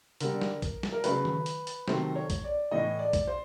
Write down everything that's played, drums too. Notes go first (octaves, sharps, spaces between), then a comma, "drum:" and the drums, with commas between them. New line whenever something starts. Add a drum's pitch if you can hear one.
D3 G3 A#4, drum: hi-hat
drum: snare
drum: kick B1, hi-hat
drum: snare
A#4
C#3 F#3 A3 B4, drum: hi-hat
drum: tom D#3
drum: hi-hat
drum: hi-hat
C3 D#3 F#3 A3 C5, drum: snare
C#5
drum: kick B1, hi-hat
D5
A2 E3 A3 D#5
D5
drum: kick B1, hi-hat
C5